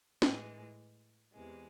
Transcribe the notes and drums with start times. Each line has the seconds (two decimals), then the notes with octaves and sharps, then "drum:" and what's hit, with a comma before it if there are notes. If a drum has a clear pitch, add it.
0.22 A2 E3 G#3, drum: snare
1.33 E2 C3 E3 G#3